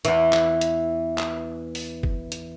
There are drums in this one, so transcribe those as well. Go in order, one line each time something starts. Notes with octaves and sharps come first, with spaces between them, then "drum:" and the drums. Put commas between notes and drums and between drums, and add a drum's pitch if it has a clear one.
E2 E3, drum: hi-hat
drum: clap
drum: hi-hat
drum: clap
drum: open hi-hat
drum: kick
drum: hi-hat